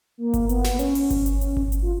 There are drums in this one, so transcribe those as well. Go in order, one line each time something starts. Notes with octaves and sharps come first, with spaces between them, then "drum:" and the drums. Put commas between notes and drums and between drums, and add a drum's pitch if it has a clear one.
A#3
drum: kick G1, hi-hat
B3, drum: hi-hat
drum: snare
C#4, drum: hi-hat
drum: open hi-hat
drum: kick G1, hi-hat
drum: hi-hat
drum: hi-hat
drum: kick G1
drum: hi-hat
F4